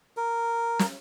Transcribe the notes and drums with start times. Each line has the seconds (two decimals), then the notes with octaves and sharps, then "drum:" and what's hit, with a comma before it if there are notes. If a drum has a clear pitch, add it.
0.17 A#4
0.79 drum: snare